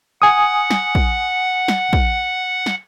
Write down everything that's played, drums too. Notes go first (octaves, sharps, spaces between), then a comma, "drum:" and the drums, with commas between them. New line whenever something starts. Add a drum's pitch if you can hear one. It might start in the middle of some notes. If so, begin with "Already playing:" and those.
F#5 G#5 D#6
drum: snare
drum: kick
drum: snare
drum: kick
drum: snare